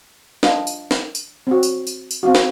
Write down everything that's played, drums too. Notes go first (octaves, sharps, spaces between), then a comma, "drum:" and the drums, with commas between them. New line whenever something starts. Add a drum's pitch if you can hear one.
D4 F4 D#5, drum: snare
drum: tambourine
drum: snare
drum: tambourine
C4 F#4
drum: tambourine
drum: tambourine
drum: tambourine
C4 F4 F#4
drum: snare